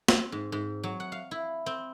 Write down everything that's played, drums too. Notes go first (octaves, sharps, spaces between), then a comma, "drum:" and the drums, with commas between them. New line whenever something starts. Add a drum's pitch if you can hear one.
C4, drum: snare
G#2
G#2
F#3
F#5
F5
E4
C4